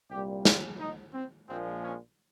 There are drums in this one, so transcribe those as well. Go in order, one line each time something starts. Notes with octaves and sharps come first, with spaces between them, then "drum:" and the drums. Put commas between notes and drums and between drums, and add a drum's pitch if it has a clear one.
C2 A#2 G3 G4
F4, drum: snare
D#4
C4
A#1 A#2 F3 G#3 C4
C#4